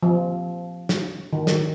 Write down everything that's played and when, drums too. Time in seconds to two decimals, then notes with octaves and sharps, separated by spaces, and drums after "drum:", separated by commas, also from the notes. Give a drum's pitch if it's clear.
0.03 F3
0.89 drum: snare
1.33 D#3
1.47 drum: snare